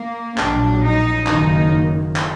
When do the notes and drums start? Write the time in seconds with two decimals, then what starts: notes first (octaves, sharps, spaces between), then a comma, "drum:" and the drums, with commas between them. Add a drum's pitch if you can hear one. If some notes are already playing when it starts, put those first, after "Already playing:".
Already playing: A#3
0.38 A#1 A#2 F#3 D4, drum: clap
0.82 D#4
1.27 F#1 F#2 D#3 A#3 D#4, drum: clap
2.16 drum: clap